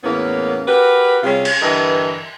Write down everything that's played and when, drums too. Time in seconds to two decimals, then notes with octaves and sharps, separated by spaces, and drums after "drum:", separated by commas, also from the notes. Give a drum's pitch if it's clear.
0.04 E2 A2 A#3 B3 C#4
0.67 F#4 G4 A#4 B4
1.23 C3 G3 C#4 F4 G#4
1.45 drum: cymbal
1.61 G2 D3 E3 A#4 B4 D#5